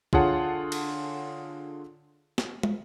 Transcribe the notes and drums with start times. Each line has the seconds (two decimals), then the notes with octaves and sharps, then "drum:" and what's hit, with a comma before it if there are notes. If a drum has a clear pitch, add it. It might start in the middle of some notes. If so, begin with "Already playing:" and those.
0.13 D3 F4 G#4 C#5 F#5 A5, drum: kick
0.72 drum: cymbal
2.38 drum: snare
2.63 drum: tom